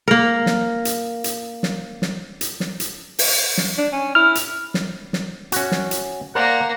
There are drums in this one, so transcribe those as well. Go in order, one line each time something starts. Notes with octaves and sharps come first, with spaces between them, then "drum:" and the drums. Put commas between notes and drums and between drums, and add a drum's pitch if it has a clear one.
A#3 A#4
drum: snare
drum: hi-hat
drum: hi-hat
drum: snare
drum: snare
drum: hi-hat
drum: snare
drum: hi-hat
drum: open hi-hat
drum: snare
D4
C#4
E4 F6
drum: hi-hat
drum: snare
drum: snare
C#4 F#4, drum: hi-hat
drum: snare
drum: hi-hat
A#3 A#4 C5 D5 F#5